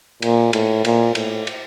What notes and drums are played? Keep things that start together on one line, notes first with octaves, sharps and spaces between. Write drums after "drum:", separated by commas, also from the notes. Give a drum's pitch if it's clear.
A#2, drum: cymbal
A2, drum: cymbal
A#2, drum: cymbal
A2, drum: cymbal
drum: cymbal